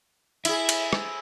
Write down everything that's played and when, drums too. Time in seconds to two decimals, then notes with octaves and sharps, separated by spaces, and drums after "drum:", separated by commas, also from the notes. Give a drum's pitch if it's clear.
0.45 E4 G#4 E5, drum: cymbal
0.69 drum: cymbal
0.93 drum: rim click